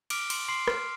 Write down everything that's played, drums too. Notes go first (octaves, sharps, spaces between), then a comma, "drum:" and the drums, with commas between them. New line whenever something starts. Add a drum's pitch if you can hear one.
D6 F6 D7, drum: cymbal
C6, drum: cymbal
C6 C7
F6, drum: rim click